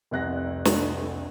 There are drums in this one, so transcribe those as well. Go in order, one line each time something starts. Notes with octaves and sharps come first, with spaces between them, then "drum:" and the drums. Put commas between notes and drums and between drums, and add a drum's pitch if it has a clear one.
F1 C2 F#6 A#6
drum: snare